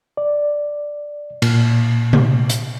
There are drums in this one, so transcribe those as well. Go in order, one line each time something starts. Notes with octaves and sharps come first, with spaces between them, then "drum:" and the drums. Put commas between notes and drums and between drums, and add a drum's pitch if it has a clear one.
D5
A#2, drum: cymbal
drum: tom C3
drum: hi-hat